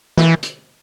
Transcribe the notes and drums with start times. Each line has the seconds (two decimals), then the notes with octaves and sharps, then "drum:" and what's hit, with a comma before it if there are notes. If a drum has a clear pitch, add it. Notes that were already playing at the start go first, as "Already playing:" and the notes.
0.17 E3, drum: snare
0.43 drum: hi-hat